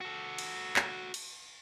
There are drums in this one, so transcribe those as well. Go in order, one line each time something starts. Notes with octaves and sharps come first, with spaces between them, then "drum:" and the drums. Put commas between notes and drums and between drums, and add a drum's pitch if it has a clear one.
F#4 A4
drum: cymbal
drum: clap
drum: cymbal